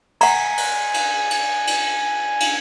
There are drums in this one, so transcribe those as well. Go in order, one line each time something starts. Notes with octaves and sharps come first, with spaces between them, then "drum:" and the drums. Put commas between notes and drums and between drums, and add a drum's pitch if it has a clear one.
F#5 G#5 A#5, drum: cymbal
drum: cymbal
drum: cymbal
drum: cymbal
drum: cymbal
drum: cymbal